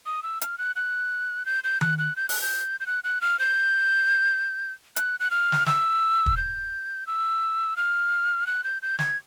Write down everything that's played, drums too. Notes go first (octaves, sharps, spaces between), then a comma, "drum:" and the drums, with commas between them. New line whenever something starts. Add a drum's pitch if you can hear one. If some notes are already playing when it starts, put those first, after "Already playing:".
D#6
E6
F6, drum: hi-hat
F#6
F#6
G6
G6
F#6, drum: tom D#3
F#6
G6
F#6, drum: open hi-hat
G6
G6
F#6
F#6
F6
G6
F#6, drum: hi-hat
F#6
F6
drum: snare
E6, drum: snare
drum: kick
G6
E6
F6
F#6
G6
G6
G#6, drum: snare